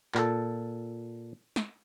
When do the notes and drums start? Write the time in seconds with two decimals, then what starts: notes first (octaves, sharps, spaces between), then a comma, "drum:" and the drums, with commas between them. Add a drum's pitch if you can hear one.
0.15 A#2 A4, drum: clap
1.56 drum: snare